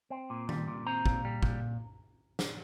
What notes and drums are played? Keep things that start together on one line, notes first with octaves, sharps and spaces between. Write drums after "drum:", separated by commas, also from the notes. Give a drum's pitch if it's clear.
C4
A#2
G3, drum: tom D#3
A#2
C4 A#5
A#2, drum: kick
G3
A#2, drum: kick
drum: snare